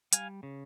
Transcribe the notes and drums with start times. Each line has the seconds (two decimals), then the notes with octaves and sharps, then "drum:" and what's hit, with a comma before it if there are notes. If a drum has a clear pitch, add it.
0.13 G3 F5 G#5, drum: hi-hat
0.43 C#3